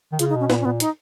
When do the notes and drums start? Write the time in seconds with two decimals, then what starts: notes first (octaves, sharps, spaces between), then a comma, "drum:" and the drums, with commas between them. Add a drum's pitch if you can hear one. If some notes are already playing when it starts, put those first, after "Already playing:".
0.12 D#3
0.19 C#3 F4, drum: hi-hat
0.29 D#4
0.35 B2 C#4
0.50 A#2 B3, drum: snare
0.61 C#4
0.65 A#2 B3
0.80 D#4, drum: hi-hat